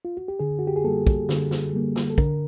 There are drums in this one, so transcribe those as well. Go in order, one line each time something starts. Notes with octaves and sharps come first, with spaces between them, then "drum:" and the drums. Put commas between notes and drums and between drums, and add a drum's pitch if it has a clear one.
F4
F#4
G4
D3 G#4
F#4
G4
G#4
G3 A#3 A4
drum: kick
D3, drum: snare
drum: snare
G3 A#3
drum: snare
A4
D3 A#4, drum: kick